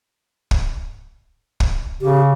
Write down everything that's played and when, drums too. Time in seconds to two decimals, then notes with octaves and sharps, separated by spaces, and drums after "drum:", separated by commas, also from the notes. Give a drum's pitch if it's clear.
0.51 drum: kick
1.60 drum: kick
2.01 C#3 G4